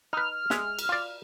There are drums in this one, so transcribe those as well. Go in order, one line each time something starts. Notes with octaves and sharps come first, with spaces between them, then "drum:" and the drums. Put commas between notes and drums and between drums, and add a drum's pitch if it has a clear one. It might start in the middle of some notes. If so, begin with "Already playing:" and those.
D#4 B4 F6
G#3 E5, drum: snare
drum: cymbal
F4 D5